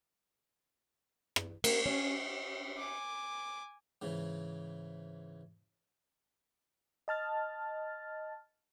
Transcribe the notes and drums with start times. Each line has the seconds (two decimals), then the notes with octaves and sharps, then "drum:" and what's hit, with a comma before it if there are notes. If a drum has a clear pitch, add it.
1.36 drum: rim click
1.64 A#3, drum: cymbal
1.86 C#4
2.78 G#5 D6
4.02 G#2 C#3 E3
7.08 D#5 A5 F6 A6